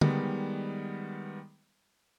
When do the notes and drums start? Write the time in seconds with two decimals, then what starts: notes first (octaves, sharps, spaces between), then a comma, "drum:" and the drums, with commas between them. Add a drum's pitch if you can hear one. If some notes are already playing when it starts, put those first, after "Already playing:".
0.01 D#3 G3 G#3 B3, drum: tom